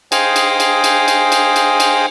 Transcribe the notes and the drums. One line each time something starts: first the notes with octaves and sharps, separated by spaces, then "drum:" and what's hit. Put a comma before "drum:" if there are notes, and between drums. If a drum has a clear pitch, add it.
G#4 C5 D#5 F5 G5 G#5, drum: cymbal
drum: cymbal
drum: cymbal
drum: cymbal
drum: cymbal
drum: cymbal
drum: cymbal
drum: cymbal